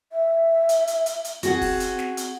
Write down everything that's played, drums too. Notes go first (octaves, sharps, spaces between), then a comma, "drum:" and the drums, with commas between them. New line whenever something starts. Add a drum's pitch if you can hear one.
E5
drum: hi-hat
drum: hi-hat
drum: hi-hat
drum: hi-hat
C4 F#4 G#4 F#5, drum: hi-hat
drum: kick, open hi-hat
drum: hi-hat
drum: snare
drum: hi-hat